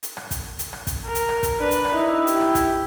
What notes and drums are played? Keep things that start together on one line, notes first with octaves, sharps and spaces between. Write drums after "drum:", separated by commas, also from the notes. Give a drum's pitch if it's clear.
drum: hi-hat
drum: rim click
drum: kick, hi-hat
drum: hi-hat
drum: rim click
drum: kick, hi-hat
A#4
drum: hi-hat
drum: rim click
drum: kick, hi-hat
D4 B4
drum: hi-hat
drum: rim click
D#4 E4
G4, drum: hi-hat
drum: rim click
drum: kick, hi-hat